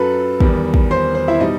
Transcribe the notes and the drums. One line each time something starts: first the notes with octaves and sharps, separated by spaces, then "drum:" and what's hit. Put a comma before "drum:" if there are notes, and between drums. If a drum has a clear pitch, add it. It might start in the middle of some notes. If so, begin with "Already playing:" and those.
Already playing: F#2 F#3 A4 B4 B5
E2 D#3 G3, drum: kick
drum: kick
C5 C6
C5
E4 E5
B2 G3 D#4 D#5